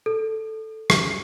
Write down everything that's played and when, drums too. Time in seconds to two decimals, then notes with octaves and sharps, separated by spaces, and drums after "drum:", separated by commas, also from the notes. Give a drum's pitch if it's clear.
0.06 A4
0.90 drum: rim click